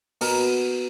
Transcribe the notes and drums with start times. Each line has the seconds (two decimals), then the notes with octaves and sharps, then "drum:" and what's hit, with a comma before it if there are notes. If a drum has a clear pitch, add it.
0.21 B2 A#4, drum: open hi-hat